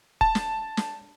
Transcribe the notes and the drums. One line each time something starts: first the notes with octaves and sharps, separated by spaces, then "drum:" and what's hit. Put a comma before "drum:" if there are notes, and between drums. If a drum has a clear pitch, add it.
A5, drum: kick
drum: snare
drum: snare